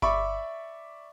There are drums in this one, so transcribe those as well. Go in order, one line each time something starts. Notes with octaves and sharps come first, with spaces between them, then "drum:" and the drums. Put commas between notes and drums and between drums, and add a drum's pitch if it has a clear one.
D5 E5 B5 C#6 D6, drum: kick G1